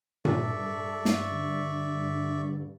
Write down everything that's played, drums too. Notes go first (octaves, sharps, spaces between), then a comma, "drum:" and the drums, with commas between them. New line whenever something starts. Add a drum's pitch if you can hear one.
G2 A4 D5 E5 C#6, drum: tom A#2
drum: snare
D3